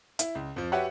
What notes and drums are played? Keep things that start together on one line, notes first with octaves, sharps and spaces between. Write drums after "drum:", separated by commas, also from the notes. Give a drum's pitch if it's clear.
E4, drum: hi-hat
C#2
F2 F3
F#4 G4 B4 C#5 E5 F#5